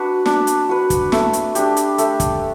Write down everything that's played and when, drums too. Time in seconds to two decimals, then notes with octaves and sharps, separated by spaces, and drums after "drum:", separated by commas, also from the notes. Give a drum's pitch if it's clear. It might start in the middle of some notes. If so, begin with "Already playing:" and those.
Already playing: D4 F#4 B4
0.26 D4, drum: snare
0.47 drum: hi-hat
0.69 F#4 B4
0.90 drum: kick, hi-hat
1.12 A3, drum: snare
1.33 drum: hi-hat
1.55 D4 G4, drum: hi-hat
1.77 drum: hi-hat
1.98 A3, drum: hi-hat
2.20 drum: kick, hi-hat